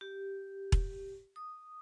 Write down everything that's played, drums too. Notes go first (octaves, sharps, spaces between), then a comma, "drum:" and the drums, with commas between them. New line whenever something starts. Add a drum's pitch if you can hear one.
G4
drum: kick E1
D#6